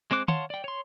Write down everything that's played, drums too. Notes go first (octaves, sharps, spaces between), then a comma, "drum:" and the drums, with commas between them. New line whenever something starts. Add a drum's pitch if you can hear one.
G#3 C4 C5 D6 F#6
C#5 F5 F#5 A5 C6, drum: tom
D5 G5
C#5 C6